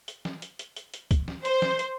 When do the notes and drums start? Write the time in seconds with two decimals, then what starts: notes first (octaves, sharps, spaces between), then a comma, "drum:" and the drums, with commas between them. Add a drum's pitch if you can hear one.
0.08 drum: hi-hat
0.25 drum: snare
0.42 drum: hi-hat
0.59 drum: hi-hat
0.76 drum: hi-hat
0.94 drum: hi-hat
1.11 drum: kick, hi-hat
1.28 drum: snare
1.45 C5, drum: hi-hat
1.62 drum: snare
1.79 drum: hi-hat